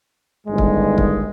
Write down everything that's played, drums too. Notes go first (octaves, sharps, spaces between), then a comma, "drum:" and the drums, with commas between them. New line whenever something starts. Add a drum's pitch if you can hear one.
G1 G2 D#3 G#3
drum: kick
drum: kick